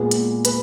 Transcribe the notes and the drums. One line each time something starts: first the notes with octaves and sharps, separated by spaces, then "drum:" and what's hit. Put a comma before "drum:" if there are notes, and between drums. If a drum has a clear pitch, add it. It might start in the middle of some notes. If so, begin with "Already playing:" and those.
Already playing: A#2 G#3 B3 G#4
drum: hi-hat
B4, drum: hi-hat